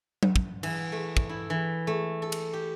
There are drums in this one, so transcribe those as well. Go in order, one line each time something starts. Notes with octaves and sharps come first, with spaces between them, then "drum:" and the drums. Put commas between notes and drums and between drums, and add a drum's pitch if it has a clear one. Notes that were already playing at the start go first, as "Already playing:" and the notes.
drum: tom F#3
drum: kick
E3, drum: cymbal
A3
drum: kick
E4
E3
A3
A4
drum: cymbal
G4